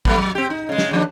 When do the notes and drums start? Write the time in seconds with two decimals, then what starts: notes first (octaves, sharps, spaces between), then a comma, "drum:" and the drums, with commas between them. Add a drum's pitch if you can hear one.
0.05 F#3 A3 B3, drum: kick
0.17 F#3
0.35 C4 G4
0.50 D#4
0.69 C#3 G#3
0.78 drum: snare
0.91 D#2 F3 D4